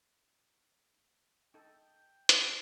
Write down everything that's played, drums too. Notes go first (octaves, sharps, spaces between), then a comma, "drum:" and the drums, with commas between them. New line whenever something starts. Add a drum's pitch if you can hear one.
D#4 A4 G5
A3, drum: hi-hat